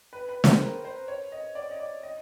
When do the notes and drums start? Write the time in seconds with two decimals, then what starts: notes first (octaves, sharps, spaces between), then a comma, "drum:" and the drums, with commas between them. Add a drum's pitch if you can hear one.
0.13 B4
0.29 B4
0.44 C5, drum: snare
0.60 A#4
0.85 C5
1.08 C#5
1.32 D#5
1.55 D5
1.71 D#5
1.79 D5
2.03 D#5